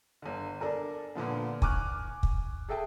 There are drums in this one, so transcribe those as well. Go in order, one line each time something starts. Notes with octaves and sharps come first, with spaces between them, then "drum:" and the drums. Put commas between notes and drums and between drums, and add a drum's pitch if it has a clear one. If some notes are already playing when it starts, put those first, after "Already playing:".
G1 D3
D4 A4 A#4 G#5
A#2 D3 F3 B3
G#5 C#6 D6 F6 F#6, drum: kick
drum: kick
G#4 A4 E5 G5 A5